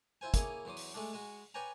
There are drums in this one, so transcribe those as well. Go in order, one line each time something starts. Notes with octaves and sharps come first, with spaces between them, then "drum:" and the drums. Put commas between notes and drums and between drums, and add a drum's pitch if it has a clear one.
E4 F4 C5 G#5
A#3 E4 G#4 C#5 D6 D#6, drum: kick, hi-hat
E2 F#3 C6 D6 D#6
drum: open hi-hat
G#3 A3 D4
G#3 F#4
B4 C#5 D5 G5 G#5 A#5